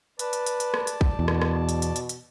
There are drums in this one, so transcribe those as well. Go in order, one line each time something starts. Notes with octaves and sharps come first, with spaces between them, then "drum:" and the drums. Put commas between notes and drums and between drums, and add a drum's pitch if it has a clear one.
B4 D5 A5, drum: hi-hat
drum: hi-hat
drum: hi-hat
drum: hi-hat
drum: rim click
drum: hi-hat
drum: kick A#1
E2 B2
drum: rim click
drum: rim click
drum: hi-hat
drum: hi-hat
drum: hi-hat
drum: hi-hat